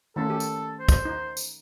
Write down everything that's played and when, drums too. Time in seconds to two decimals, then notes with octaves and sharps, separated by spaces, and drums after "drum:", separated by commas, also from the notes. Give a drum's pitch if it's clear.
0.16 D#3 A3 C#4 A4
0.30 G4
0.40 drum: tambourine
0.79 C5
0.89 drum: kick, tambourine
1.05 D#4
1.37 drum: tambourine